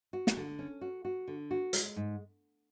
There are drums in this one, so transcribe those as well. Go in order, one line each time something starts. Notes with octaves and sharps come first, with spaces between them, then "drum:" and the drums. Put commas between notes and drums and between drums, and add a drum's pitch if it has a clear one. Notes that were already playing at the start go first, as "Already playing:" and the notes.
F#4
drum: snare
D3
C#4
F#4
F#4
D3
F#4
G#3, drum: hi-hat
G#2